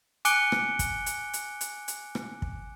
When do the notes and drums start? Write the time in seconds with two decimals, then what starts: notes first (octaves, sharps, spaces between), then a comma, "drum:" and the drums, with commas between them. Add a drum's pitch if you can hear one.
0.25 G#5 D6 F#6 C#7 D7 G7, drum: hi-hat
0.52 drum: rim click
0.79 drum: kick, hi-hat
1.06 drum: hi-hat
1.33 drum: hi-hat
1.61 drum: hi-hat
1.88 drum: hi-hat
2.15 drum: rim click
2.42 drum: kick